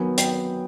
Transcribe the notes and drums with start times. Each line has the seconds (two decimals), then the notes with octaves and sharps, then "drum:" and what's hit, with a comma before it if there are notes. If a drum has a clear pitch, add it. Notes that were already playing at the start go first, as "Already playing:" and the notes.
Already playing: D#3 F#3 B3 G#5
0.18 G5, drum: hi-hat